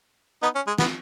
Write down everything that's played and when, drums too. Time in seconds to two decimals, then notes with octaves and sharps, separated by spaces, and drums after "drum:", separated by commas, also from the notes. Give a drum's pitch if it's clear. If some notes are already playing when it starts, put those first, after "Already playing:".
0.43 B3 D#4
0.55 C#4
0.67 G#3
0.78 B3, drum: snare